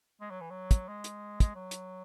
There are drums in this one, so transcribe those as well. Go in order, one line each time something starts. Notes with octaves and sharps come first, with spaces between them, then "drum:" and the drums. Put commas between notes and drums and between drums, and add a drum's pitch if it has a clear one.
G#3
F#3
E3
F#3
drum: kick, hi-hat
G#3
drum: hi-hat
G#3, drum: kick, hi-hat
F#3
drum: hi-hat